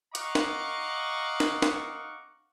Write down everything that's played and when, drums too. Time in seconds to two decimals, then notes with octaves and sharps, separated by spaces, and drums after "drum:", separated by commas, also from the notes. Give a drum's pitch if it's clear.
0.15 D#5 F5 F#5 A#5 C#6 D6, drum: hi-hat
0.35 drum: snare
1.40 drum: snare
1.62 drum: snare